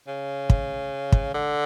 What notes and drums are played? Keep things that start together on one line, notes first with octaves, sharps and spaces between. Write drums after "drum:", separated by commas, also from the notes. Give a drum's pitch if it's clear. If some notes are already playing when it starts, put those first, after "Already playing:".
C#3
drum: kick
drum: kick
D3